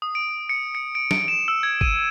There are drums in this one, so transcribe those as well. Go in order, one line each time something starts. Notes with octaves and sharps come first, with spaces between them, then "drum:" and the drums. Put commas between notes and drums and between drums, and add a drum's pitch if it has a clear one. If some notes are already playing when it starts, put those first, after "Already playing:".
D#6
D7
C#7
C#7
D7
D7, drum: snare
E7
E6
G#6
D#7, drum: kick G#1